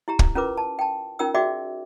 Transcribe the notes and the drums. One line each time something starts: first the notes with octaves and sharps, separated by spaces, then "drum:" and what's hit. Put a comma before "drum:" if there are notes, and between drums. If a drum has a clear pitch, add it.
E4 G4 A#5
drum: kick
C#4 F4 A#4 B4 D6
A5
G5 A5
C#4 D#4 F4 A#4 G5 E6
F#4 G#4 D5 E5 G5 D6